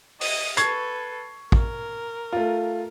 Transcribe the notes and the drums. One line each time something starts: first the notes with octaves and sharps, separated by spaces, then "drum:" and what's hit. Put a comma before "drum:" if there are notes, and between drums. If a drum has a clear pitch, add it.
D#5 D#6, drum: open hi-hat
A4 B4 C#6 G#6 C7, drum: hi-hat
A#4, drum: kick A1
A3 F4